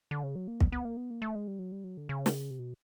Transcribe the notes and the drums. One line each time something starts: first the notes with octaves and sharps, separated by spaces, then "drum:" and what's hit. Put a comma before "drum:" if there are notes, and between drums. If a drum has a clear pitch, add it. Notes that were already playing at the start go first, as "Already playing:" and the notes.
D3
C#3
F#3
A#3
B3, drum: kick
B3
A#3
B3
A#3
A3
G#3
G3
F#3
G3
F#3
D3
C#3
drum: snare
C3
B2